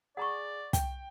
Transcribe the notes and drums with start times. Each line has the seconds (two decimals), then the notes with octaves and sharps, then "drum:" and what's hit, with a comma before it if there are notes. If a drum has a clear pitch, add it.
0.17 G#4 D5 F#5 A#5 C#6
0.73 G5, drum: kick, hi-hat